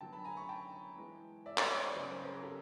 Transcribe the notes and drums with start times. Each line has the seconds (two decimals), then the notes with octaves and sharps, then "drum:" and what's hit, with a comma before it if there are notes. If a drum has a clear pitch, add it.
0.01 D3 F#3 B3 G5 A5
0.13 A5 B5
0.24 G#5 A#5
0.37 B5 C#6
0.49 G5 A5
0.97 E3 G#3 B3
1.46 D5 E5
1.58 D5 E5, drum: clap
1.70 C#5 D#5
1.82 C5 D5
1.95 C#3 F#3 B3 B4 C#5
2.10 A#4 C5
2.21 B4
2.26 G#4 A#4
2.42 G4 A4